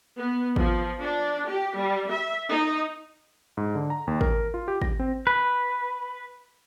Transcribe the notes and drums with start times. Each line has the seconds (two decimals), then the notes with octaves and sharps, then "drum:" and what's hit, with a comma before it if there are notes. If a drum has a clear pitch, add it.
0.18 B3
0.56 F3, drum: kick
1.01 D4
1.48 G4
1.78 G3
2.11 E5
2.49 D#4
3.57 G#2
3.75 D3
3.90 A#5
4.07 D#2
4.21 A#4, drum: kick
4.54 F4
4.68 G4
4.82 A#6, drum: kick
4.99 C4
5.27 B4